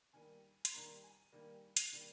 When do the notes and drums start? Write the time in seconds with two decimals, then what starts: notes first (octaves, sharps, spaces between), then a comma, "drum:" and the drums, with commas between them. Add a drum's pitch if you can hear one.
0.13 D#3 G3 A#3 G#5
0.65 C6, drum: hi-hat
0.73 D#3 G3 A#3 A#5
1.03 G#5
1.32 D#3 G3 A#3
1.77 drum: hi-hat
1.92 D#3 G3 A#3